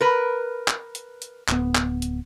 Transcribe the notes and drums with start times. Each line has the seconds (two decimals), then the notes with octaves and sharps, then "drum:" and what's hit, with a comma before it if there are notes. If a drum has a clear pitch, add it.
0.01 A#4 B4
0.68 drum: clap
0.95 drum: hi-hat
1.22 drum: hi-hat
1.49 D1 B3, drum: clap
1.75 drum: clap
2.02 drum: hi-hat